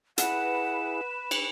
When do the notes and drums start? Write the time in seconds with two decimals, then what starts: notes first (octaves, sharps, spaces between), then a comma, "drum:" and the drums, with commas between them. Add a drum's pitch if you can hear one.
0.18 E4 G#4 B4 F#5 E7, drum: hi-hat
1.31 drum: cymbal